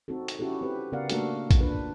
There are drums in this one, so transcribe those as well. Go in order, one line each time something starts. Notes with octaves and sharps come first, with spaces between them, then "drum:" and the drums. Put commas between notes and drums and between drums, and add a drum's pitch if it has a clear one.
C4 D#4 F#4 A4
drum: hi-hat
C#4 E4 F#4 G4 A4
C4 E4 G4 B4
C#3 B3 A#4 D5 F5 F#5
A3 A#3 D4 F#4 A4 A#4, drum: hi-hat
drum: kick, hi-hat
D4 F4 B4